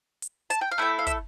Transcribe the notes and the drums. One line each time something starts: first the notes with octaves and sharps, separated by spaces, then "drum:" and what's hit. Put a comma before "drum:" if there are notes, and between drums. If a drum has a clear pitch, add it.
drum: hi-hat
A5, drum: hi-hat
G5
F5
A3 E4 A4 G5
F5
E5, drum: kick, hi-hat